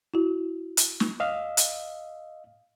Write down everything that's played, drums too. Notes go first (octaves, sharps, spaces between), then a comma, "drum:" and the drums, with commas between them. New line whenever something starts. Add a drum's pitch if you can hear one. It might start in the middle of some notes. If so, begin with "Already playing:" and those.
E4 F#4
drum: hi-hat
drum: snare
D#5 F5
drum: hi-hat